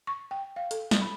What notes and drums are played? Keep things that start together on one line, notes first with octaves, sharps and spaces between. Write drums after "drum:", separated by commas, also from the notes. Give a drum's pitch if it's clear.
C#6
G5
F5
A4, drum: hi-hat
drum: snare
B5